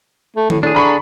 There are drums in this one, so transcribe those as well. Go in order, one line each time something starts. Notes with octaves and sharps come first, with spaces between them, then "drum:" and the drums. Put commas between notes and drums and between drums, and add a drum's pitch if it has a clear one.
A3
A2, drum: tom D#3
A2 D4 G#4
D3 A#5 B5 C#6